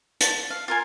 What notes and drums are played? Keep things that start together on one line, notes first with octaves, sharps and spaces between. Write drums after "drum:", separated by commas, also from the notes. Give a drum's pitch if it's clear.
A5, drum: hi-hat
F5
F4 A#4 G#5